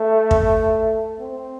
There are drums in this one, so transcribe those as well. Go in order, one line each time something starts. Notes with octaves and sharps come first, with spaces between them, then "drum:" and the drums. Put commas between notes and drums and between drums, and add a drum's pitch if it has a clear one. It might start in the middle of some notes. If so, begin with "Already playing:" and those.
Already playing: A3
drum: kick
C4